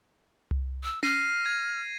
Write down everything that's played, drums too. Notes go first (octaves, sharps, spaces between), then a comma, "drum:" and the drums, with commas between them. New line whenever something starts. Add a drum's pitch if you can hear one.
drum: tom C2
E6
F6 A#6 C7 D#7, drum: tom C#4
G#6 D#7